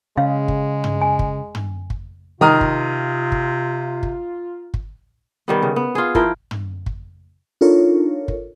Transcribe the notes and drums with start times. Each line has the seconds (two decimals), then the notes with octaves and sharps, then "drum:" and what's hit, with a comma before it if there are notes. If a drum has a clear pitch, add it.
0.17 C#3 G#3 F5
0.48 drum: kick
0.84 drum: tom
1.01 G#5
1.19 drum: kick
1.55 drum: tom
1.90 drum: kick
2.41 C3 D#3 F4 A#5 D#6 F6
2.61 drum: kick
3.32 drum: kick
4.03 drum: kick
4.74 drum: kick
5.48 D#3 G3 B3
5.62 C#3
5.76 B3
5.95 F4 G#4
6.15 F3 E4 A#4 G5, drum: kick
6.51 drum: tom
6.86 drum: kick
7.61 D4 D#4 F4 A4 A#4 C#5
8.28 drum: kick